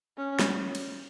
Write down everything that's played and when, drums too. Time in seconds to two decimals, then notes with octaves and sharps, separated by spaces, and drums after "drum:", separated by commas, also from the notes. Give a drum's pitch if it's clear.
0.18 C#4
0.39 drum: snare
0.75 drum: cymbal